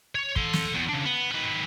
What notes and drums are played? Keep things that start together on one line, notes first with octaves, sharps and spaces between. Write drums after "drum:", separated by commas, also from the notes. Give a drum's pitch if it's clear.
C#5
A4 C6, drum: kick
drum: snare
E2
C#3 D4
B3
D#3 B4